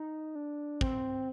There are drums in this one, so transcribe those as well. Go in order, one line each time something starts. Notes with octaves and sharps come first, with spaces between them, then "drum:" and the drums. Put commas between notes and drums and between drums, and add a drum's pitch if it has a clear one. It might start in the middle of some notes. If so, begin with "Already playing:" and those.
Already playing: D#4
D4
C4, drum: kick